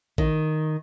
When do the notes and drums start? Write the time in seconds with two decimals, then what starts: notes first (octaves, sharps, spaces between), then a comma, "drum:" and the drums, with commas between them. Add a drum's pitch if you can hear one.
0.18 D#3, drum: kick